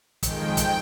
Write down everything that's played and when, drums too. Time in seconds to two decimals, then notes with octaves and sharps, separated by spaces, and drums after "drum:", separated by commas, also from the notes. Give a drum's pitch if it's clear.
0.23 F2 D#3 G#3 G5, drum: kick, hi-hat
0.57 drum: kick, hi-hat